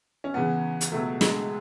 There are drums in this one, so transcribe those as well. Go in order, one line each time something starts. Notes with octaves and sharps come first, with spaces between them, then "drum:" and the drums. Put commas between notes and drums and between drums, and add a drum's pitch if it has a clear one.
C#4
E2 C#3 E3 B3
drum: hi-hat
C#2 B2 F#3 A3
G#3, drum: snare